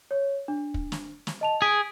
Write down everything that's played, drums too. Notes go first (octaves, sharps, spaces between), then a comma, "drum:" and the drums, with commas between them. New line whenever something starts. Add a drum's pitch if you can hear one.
C#5
D4
drum: kick
drum: snare
drum: snare
D#5 A5 F7
G#4 B6 D7